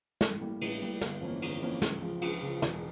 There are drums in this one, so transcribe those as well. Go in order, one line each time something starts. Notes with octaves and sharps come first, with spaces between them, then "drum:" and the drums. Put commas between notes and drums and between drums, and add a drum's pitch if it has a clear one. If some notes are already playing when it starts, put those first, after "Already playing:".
A1, drum: snare
A2 G3 A#3
A1, drum: cymbal
A2 G3 A#3
G1, drum: snare
F2 E3 A#3 C#4
G1, drum: cymbal
F2 E3 A#3 C#4
C#2, drum: snare
C#3 F3
C#2, drum: cymbal
C#3 F3
E1, drum: snare